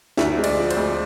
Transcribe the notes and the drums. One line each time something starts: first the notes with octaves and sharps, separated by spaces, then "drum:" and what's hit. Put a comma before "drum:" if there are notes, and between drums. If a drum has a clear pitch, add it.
D2 E5, drum: snare
G#3
D5, drum: cymbal
F3
C5, drum: cymbal
D2